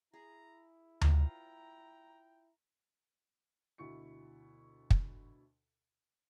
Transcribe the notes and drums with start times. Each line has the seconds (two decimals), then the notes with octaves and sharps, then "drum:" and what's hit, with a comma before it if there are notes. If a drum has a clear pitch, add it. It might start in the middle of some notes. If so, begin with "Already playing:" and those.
0.14 E4 G#4 A#5
1.01 F4 B4 C#5 G5 A#5, drum: tom D2
3.78 D2 B2 E4 C#6 C#7
4.90 drum: kick